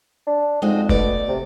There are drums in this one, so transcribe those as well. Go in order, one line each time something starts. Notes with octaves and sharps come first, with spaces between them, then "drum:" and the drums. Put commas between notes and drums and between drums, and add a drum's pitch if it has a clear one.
D4
F2 G#3 D#4 F#4
B2 A3 D5, drum: kick F1
C3